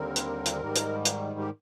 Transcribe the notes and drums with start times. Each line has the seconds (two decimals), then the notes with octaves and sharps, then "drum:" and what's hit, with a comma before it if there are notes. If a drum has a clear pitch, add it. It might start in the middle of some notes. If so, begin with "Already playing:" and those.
Already playing: D#2 D3 G3 C4 A#4
0.16 drum: hi-hat
0.46 drum: hi-hat
0.60 G#2 D#3 G3
0.76 drum: hi-hat
1.05 drum: hi-hat
1.39 G4